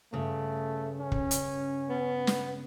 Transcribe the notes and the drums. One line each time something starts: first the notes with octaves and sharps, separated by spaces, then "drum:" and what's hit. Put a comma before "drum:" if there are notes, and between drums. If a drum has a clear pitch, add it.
G2 C#3 A3
C#4
drum: kick
drum: hi-hat
B3
drum: snare